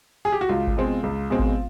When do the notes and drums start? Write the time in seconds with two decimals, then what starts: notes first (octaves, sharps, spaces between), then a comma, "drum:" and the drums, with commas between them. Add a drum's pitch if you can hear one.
0.25 G#4
0.32 G4
0.41 F#4
0.49 C#2 F4
0.67 drum: kick G#1
0.76 B2 G#3 C4
1.03 C#2
1.30 B2 G#3 C4
1.39 drum: kick G#1